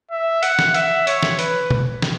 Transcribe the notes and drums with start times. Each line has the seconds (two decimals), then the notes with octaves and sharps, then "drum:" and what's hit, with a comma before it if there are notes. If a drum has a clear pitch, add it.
0.11 E5
0.43 F#5, drum: hi-hat
0.59 drum: snare
0.74 E5, drum: hi-hat
1.07 C#5, drum: hi-hat
1.23 drum: snare
1.39 B4, drum: hi-hat
1.70 drum: tom
2.02 drum: snare